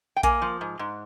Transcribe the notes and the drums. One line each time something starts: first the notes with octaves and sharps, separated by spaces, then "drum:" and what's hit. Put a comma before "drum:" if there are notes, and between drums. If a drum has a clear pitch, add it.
G5
A#3 G#5, drum: kick A#1, hi-hat
F3
G#2
G#2